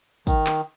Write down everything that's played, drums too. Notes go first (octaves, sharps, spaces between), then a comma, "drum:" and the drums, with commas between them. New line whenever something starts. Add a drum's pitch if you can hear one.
D#3, drum: kick, tambourine
drum: clap